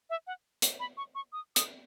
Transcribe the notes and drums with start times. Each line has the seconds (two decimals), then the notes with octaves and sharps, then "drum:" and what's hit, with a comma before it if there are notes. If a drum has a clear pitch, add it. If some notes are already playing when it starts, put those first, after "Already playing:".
0.10 E5
0.27 F#5
0.62 drum: hi-hat
0.80 B5
0.97 C#6
1.15 C#6
1.33 D#6
1.56 D#6, drum: hi-hat